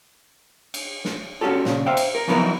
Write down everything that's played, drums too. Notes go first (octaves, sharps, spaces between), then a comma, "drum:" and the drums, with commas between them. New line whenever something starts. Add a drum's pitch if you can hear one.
drum: cymbal
drum: snare
C#4 D4 F#4 G4 A4
A#2 C#3, drum: snare
C5 E5 F5 G5
drum: cymbal
A#4
F3 F#3 B3 D#4 E4 A#4